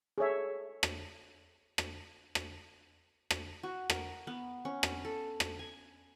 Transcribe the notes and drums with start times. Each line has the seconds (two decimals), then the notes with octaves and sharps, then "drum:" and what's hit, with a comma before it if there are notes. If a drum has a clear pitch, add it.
0.18 G#4 A4 C#5 E5
0.83 drum: rim click
1.78 drum: rim click
2.35 drum: rim click
3.31 drum: rim click
3.63 F#4
3.90 A#4, drum: rim click
4.27 B3
4.65 C#4
4.83 drum: rim click
5.05 A4
5.40 drum: rim click
5.59 G#5